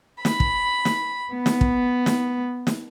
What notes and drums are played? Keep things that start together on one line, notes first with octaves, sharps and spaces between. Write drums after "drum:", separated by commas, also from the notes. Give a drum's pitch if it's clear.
B5, drum: snare
drum: kick
drum: snare
B3
drum: snare
drum: kick
drum: snare
drum: snare